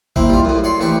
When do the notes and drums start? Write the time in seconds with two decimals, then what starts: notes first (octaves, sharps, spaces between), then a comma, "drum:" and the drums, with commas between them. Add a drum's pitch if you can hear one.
0.16 A#3 C4 E4, drum: kick A1
0.29 G3 F4
0.45 F#2 A2
0.64 C#5 D5 C6
0.79 D2 E3 G4 C#6